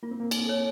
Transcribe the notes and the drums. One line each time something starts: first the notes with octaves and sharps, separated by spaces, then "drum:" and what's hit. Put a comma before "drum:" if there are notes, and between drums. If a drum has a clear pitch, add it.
A#3 F4
C4
A#3
drum: cymbal
A4 C#5